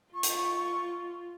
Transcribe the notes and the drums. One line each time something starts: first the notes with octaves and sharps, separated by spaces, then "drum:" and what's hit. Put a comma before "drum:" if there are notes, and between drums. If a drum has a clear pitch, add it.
F4 C#6
drum: hi-hat